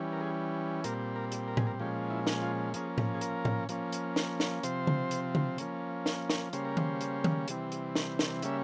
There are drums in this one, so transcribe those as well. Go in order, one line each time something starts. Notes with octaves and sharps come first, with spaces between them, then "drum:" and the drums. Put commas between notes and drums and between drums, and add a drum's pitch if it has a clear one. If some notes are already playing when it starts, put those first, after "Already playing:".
Already playing: E3 G3 C#4
A#4
G#4
A#2 G3 C4 A#4, drum: hi-hat
A#4
drum: hi-hat
A#4
G#4, drum: tom A2
A#4
A#2 F3 G#3 C#4 G4
E4
drum: snare
F4
F3 A#3 C#4 G#4, drum: hi-hat
drum: tom A2
G#4
A#4, drum: hi-hat
drum: tom A2
F3 A#3 C#4, drum: hi-hat
drum: hi-hat
drum: snare
drum: snare
C3 F3 C4 C5, drum: hi-hat
drum: tom C#3
drum: hi-hat
drum: tom C#3
F3 A#3 C#4, drum: hi-hat
drum: snare
drum: snare
C#3 G3 A#3 C#4 C5, drum: hi-hat
A#4
C5, drum: tom D#3
drum: hi-hat
drum: tom D#3
C3 E3 G3 C4, drum: hi-hat
drum: hi-hat
drum: snare
drum: snare
C#3 G3 A#3 C#4 E5, drum: hi-hat